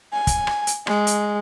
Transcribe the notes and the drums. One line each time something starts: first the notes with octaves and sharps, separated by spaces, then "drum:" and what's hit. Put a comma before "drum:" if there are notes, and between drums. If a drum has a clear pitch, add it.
G#5
drum: kick, hi-hat
drum: rim click
drum: hi-hat
G#3, drum: rim click
drum: hi-hat